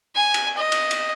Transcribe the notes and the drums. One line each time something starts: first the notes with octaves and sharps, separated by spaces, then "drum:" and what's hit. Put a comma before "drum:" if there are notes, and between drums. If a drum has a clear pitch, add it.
G#5
drum: cymbal
D#5
drum: cymbal
drum: cymbal